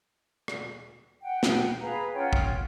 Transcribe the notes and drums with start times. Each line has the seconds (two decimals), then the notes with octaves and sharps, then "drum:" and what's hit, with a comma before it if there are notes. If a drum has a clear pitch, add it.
0.48 drum: rim click
1.22 F#5 G5
1.43 drum: snare
1.80 G#4 B4 F5 A#5
2.13 C#4 F4 F#5 G5
2.33 drum: kick